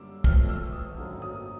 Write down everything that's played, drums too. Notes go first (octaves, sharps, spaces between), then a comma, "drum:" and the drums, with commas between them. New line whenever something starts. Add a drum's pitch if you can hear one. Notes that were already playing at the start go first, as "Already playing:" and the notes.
Already playing: F#2 D3 G3 A#3 D6 E6
A1 A2 F3 A3 F6, drum: kick
E6
D#6
G#1 F#2 D3 F#3 A#3
D#6